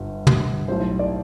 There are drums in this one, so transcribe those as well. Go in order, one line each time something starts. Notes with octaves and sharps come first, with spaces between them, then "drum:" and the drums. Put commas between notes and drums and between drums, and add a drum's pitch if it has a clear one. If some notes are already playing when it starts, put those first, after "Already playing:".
Already playing: G1 G2 G3
drum: tom
B1 A2 G3 C5
D5